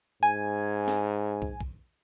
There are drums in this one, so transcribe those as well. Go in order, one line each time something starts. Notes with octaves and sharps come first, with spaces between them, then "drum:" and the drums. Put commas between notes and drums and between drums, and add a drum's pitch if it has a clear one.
G#2 G#5, drum: hi-hat
drum: snare
drum: kick
drum: kick